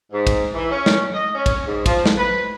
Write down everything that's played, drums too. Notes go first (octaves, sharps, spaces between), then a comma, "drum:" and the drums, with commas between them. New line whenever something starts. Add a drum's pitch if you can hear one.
G#2
drum: kick, cymbal
E3
C#4
drum: snare
D#5
C#4
drum: kick, cymbal
G#2
F3, drum: kick, cymbal
drum: snare
B4